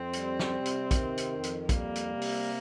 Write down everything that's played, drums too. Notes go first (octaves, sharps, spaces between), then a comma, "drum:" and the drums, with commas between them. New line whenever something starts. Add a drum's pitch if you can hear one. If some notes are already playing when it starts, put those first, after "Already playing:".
Already playing: F2 C4
G3, drum: hi-hat
drum: snare
C3
drum: hi-hat
D#3, drum: kick, hi-hat
drum: hi-hat
F2
drum: hi-hat
G3 A#3, drum: kick, hi-hat
drum: hi-hat
C3
drum: open hi-hat